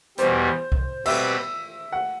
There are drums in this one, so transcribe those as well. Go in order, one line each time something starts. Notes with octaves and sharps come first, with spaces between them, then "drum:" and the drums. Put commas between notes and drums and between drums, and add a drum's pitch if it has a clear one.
E2 B2 G3 C5, drum: hi-hat
drum: kick
B2 G3 C4 G4 B4 E5, drum: cymbal
F#5